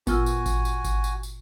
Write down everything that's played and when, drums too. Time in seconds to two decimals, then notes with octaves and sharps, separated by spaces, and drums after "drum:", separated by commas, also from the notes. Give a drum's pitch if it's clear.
0.07 A#2 B3 F4 F#4 G#5 E6, drum: kick G#1, tambourine
0.26 drum: tambourine
0.46 drum: kick G#1, tambourine
0.65 drum: tambourine
0.84 drum: kick G#1, tambourine
1.04 drum: tambourine
1.23 drum: tambourine